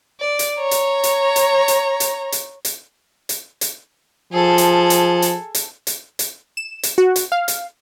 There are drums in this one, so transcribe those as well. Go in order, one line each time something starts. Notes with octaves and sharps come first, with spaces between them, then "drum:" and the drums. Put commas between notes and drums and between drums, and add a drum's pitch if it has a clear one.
D5
drum: hi-hat
C#5 A#5
drum: hi-hat
drum: hi-hat
drum: hi-hat
drum: hi-hat
drum: hi-hat
drum: hi-hat
drum: hi-hat
drum: hi-hat
drum: hi-hat
F3 G#4 A4
drum: hi-hat
drum: hi-hat
drum: hi-hat
drum: hi-hat
drum: hi-hat
drum: hi-hat
E7
drum: hi-hat
F#4
drum: hi-hat
F5
drum: hi-hat